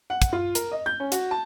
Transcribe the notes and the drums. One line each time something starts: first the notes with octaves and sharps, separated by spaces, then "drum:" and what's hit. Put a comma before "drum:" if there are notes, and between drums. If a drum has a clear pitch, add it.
F#5
drum: kick, hi-hat
F4
A#4, drum: hi-hat
D#5
G6
C#4
F#4, drum: hi-hat
A5